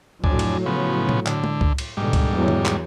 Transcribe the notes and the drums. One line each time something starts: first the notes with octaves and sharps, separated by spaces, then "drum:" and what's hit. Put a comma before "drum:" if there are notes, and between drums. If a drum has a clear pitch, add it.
F2 A2 F#3 D4 G#5, drum: kick C#2
drum: cymbal
C#3 F3 B3
drum: tom A#2
D3, drum: clap
drum: tom G#3
drum: kick C#2
drum: cymbal
G#2 B2 D3 G3
drum: kick C#2, cymbal
E2 F#3
drum: tom D3
drum: clap